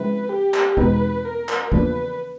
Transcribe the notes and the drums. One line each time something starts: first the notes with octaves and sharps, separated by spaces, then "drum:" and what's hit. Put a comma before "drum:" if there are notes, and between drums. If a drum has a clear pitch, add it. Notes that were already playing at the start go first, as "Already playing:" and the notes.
Already playing: C#3 F3 G#3 C4 E4 B4
G4
drum: clap
E2 B2 G#3 C4 D#4 B4, drum: kick
A#4
drum: clap
E2 C#3 F3 A#3 D4 B4, drum: kick